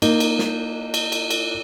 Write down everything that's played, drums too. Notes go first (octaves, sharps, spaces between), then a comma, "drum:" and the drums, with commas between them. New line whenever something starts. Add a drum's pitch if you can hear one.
A#3 D#4, drum: cymbal
drum: cymbal
drum: snare
drum: cymbal
drum: cymbal
drum: cymbal